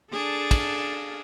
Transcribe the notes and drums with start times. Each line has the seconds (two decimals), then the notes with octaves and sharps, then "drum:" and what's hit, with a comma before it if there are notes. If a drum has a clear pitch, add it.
0.13 D4 G#4 A4
0.51 drum: kick, cymbal